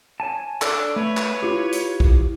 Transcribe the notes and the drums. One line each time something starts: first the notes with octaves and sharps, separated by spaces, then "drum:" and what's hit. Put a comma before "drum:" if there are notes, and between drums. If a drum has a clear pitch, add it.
C#5 G#5 A5
D4 A4, drum: clap
A3 B4 C#5
drum: clap
E4 F4 G4
drum: hi-hat
drum: kick